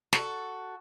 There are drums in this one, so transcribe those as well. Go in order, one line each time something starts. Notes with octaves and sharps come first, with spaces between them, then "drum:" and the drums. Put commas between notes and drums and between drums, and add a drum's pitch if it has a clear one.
F#4 A4, drum: snare